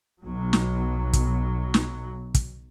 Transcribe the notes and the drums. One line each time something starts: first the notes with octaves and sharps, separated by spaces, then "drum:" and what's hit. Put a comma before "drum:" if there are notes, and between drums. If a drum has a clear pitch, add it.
B1 F#3
drum: snare
drum: kick, hi-hat
drum: snare
drum: kick, hi-hat